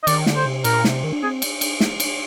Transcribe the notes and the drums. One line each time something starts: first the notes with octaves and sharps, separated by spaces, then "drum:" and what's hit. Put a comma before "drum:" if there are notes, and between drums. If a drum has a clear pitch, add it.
D#5
D#3 D5, drum: cymbal
D3, drum: snare
C5
C3
A#2 A#4, drum: cymbal
C3, drum: snare
D#3
D4
C4 G#4
drum: cymbal
drum: cymbal
drum: snare
drum: cymbal